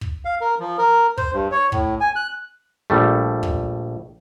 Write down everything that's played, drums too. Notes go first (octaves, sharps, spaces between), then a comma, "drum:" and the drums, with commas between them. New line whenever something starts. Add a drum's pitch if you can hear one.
drum: kick
F5
A#4
F3
A#4
C5, drum: kick
G2
C#5
A2, drum: kick
G#5
F#6
A#1 G3 A3
drum: kick